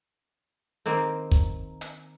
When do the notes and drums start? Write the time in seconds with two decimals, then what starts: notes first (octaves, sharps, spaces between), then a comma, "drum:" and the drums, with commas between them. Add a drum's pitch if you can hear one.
0.86 D#3 A#3 C4
1.31 drum: kick
1.81 drum: hi-hat